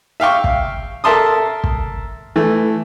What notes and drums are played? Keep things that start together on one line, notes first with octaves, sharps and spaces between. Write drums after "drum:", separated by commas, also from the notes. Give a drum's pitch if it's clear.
E5 F5 G5 C#6
drum: kick
A4 A#4 E5 A5 C6 D#6
drum: kick
E3 A3